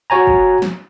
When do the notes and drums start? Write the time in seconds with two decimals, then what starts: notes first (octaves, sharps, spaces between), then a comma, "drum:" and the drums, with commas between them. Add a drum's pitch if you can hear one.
0.10 F#4 C#5 G#5 A#5
0.27 drum: kick
0.62 drum: snare